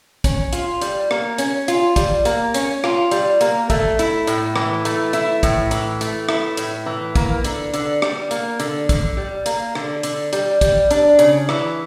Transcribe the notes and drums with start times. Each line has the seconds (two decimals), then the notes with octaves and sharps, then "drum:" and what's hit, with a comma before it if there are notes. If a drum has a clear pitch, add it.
0.24 C#4, drum: kick, hi-hat
0.53 F4, drum: hi-hat
0.81 G3, drum: hi-hat
1.11 A#3, drum: rim click
1.38 C#4, drum: hi-hat
1.68 F4, drum: hi-hat
1.96 G3, drum: kick, hi-hat
2.25 A#3, drum: hi-hat
2.54 C#4, drum: hi-hat
2.84 F4, drum: rim click
3.11 G3, drum: hi-hat
3.41 A#3, drum: hi-hat
3.70 A3, drum: kick, hi-hat
3.99 E4, drum: hi-hat
4.27 A2, drum: hi-hat
4.56 E3, drum: rim click
4.85 A3, drum: hi-hat
5.13 E4, drum: hi-hat
5.43 A2, drum: kick, hi-hat
5.71 E3, drum: hi-hat
6.01 A3, drum: hi-hat
6.29 E4, drum: rim click
6.57 A2, drum: hi-hat
6.86 E3
7.15 A#3, drum: kick, hi-hat
7.44 D3, drum: hi-hat
7.74 D3, drum: hi-hat
8.02 G3, drum: rim click
8.31 A#3, drum: hi-hat
8.60 D3, drum: hi-hat
8.89 D3, drum: kick, hi-hat
9.17 G3
9.46 A#3, drum: hi-hat
9.75 D3, drum: rim click
10.03 D3, drum: hi-hat
10.33 G3, drum: hi-hat
10.61 G3, drum: kick, hi-hat
10.91 D4, drum: hi-hat
11.19 C#3, drum: hi-hat
11.49 E3, drum: rim click